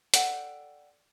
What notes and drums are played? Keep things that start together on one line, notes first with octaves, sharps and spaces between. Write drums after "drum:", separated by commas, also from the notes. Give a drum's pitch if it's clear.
A4 D5 F#5 G5, drum: hi-hat